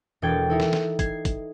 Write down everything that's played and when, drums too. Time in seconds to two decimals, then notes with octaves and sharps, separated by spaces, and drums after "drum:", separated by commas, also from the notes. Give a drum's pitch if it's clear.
0.22 E1 E2 A4 G5 G#6 A6
0.50 D#4 E4 A4
0.60 drum: snare
0.73 drum: snare
0.99 G#6 C7, drum: kick, hi-hat
1.25 drum: kick, hi-hat